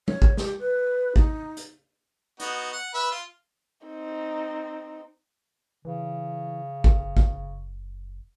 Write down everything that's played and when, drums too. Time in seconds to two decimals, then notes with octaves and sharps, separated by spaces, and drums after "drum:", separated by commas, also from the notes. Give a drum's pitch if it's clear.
0.08 C#5, drum: tom
0.22 drum: kick
0.37 G4, drum: snare
0.60 B4
1.16 D#4, drum: kick
1.57 drum: hi-hat
2.40 B3 D#4 F#4, drum: hi-hat
2.72 F#5
2.94 B4 E5
3.12 F4
3.86 C4 D#4
5.85 C#3 E3
6.84 F#1, drum: kick
7.17 drum: kick